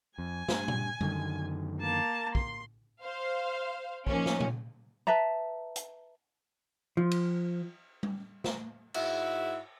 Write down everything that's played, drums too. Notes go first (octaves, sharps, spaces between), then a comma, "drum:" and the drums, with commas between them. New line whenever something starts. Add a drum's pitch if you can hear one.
F2 G#5
G2, drum: snare
drum: tom A#2
F#2 D3 D#3, drum: tom G3
A#3 A5
C6, drum: kick
C5 F5
D#3 F3 A#3 C#4, drum: kick
drum: snare
drum: tom A#2
B4 E5 A5 A#5
drum: hi-hat
F3
drum: cymbal
drum: tom G3
drum: snare
G#2 E4 F#4 E5, drum: cymbal